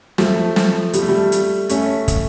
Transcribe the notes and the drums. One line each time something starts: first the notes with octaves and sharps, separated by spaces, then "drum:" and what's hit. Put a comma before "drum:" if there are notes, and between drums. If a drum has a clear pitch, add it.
F3 A3, drum: snare
drum: snare
G3, drum: hi-hat
A3
G3
drum: hi-hat
A3 C#4, drum: hi-hat
drum: kick, hi-hat